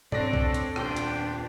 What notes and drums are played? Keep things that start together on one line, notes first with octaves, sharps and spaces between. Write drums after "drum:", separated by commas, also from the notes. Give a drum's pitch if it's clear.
C4 D4 A4 C#5 D5 A#6, drum: tom G#2
drum: kick B1
drum: hi-hat
D#1 B3 D4 F4 G5 C6, drum: rim click
drum: hi-hat